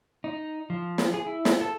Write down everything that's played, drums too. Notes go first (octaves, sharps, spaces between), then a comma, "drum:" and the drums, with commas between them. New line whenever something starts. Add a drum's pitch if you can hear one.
D#4
F3
drum: snare
G#4
E4
drum: snare
A4